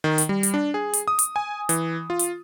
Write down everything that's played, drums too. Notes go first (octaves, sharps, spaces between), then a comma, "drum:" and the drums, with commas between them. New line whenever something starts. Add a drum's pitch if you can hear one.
D#3
drum: hi-hat
G3
drum: hi-hat
D4
G#4
drum: hi-hat
D#6
drum: hi-hat
G#5
E3, drum: hi-hat
F4
drum: hi-hat